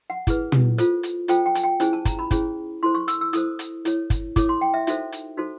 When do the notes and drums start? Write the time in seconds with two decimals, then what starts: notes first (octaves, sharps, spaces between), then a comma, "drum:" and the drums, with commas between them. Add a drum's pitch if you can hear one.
0.10 F#5
0.27 E4 G#4 B4, drum: kick, hi-hat
0.52 drum: tom
0.78 F4 A4 C5, drum: hi-hat
1.03 drum: hi-hat
1.28 F4 A4 C5 G5, drum: hi-hat
1.46 G5
1.55 G#5, drum: hi-hat
1.64 G5
1.80 C#4 E4 G#4 C5 G#5, drum: hi-hat
1.93 A5
2.05 A#5, drum: kick, hi-hat
2.19 B5
2.31 C#4 E4 G#4 C5, drum: kick, hi-hat
2.83 E4 A4 C5 C6
2.95 C#6
3.08 E6, drum: hi-hat
3.21 E6
3.33 E4 A4 C5 D#6, drum: hi-hat
3.59 drum: hi-hat
3.85 E4 A4 C#5, drum: hi-hat
4.10 drum: kick, hi-hat
4.36 E4 A4 C#5 D6, drum: kick, hi-hat
4.49 C6
4.61 G5
4.74 E5
4.87 D#4 F#4 A4 C5 E5, drum: hi-hat
5.12 drum: hi-hat
5.37 D#4 F#4 A4 C5